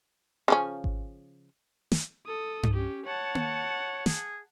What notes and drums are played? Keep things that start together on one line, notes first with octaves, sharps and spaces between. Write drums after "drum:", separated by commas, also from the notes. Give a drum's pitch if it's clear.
C#3 F3 C#4
drum: kick G#1
drum: snare
A4 D#6
drum: tom G2
C#4 G4
C#5 F#5 A5
drum: tom A#3
G#4, drum: snare